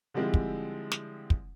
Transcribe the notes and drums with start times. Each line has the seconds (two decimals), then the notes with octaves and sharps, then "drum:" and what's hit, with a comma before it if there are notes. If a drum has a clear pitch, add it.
0.14 D3 F3 G3 G#3 C4 E4
0.34 drum: kick
0.92 drum: snare
1.30 drum: kick